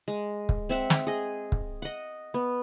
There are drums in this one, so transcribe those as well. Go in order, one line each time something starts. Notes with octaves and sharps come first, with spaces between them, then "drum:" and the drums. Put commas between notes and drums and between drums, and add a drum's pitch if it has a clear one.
G#3
drum: kick
C4 E5 F#5
drum: snare
G#4 D#5
drum: kick
D#5 F#5
B3